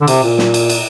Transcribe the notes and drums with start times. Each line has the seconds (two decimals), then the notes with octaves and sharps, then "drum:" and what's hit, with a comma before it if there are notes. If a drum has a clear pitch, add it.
0.01 D3
0.07 C3, drum: cymbal
0.23 A#2
0.38 drum: snare
0.54 drum: cymbal
0.70 drum: cymbal